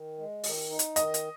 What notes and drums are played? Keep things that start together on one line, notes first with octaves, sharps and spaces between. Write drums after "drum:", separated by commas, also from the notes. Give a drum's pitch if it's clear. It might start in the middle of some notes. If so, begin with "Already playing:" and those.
Already playing: D#3
G#3
D#3, drum: open hi-hat
D#4
drum: hi-hat
D#3 D#5, drum: hi-hat
drum: hi-hat